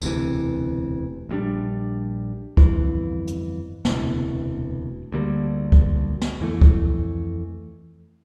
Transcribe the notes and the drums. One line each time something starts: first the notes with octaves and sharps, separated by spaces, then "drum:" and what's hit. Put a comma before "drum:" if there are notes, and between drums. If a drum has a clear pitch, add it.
E1 D2 C3 E3, drum: tambourine
A#1 A#2 G3 D4
G1 F2 E3, drum: kick C#2
drum: hi-hat
E1 D2 C3 E3, drum: snare
D2 D3 G3 A#3
drum: kick C#2
drum: snare
F2 E3 A3
drum: kick C#2